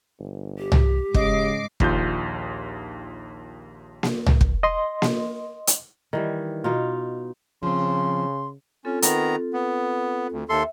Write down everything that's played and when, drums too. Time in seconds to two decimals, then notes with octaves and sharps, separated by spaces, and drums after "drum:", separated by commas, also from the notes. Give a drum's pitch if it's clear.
0.20 G1
0.58 G4
0.72 drum: tom C2
1.14 G#2 C#3 D#5 D6 C7, drum: kick
1.80 A#1 D#2 F4 G6, drum: kick
4.03 drum: snare A#3
4.26 drum: tom C2
4.41 drum: kick
4.63 D#5 C6
5.02 drum: snare A#3
5.67 drum: hi-hat
6.13 D#3 E3 G3
6.64 B2 D#4 F4
7.63 C#3 F3 C4 C6
8.85 C4 C#4 F4 A4
9.02 D#3 B3 A#5, drum: hi-hat
9.53 B3
10.32 D2
10.49 D#2 A4 E5 C6